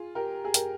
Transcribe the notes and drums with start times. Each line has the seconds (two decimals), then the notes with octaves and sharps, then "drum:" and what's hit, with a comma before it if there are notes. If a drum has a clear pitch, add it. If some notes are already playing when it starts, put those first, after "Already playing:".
Already playing: F4 G#4
0.15 G4 A#4
0.45 G#4
0.54 G4 A#4, drum: hi-hat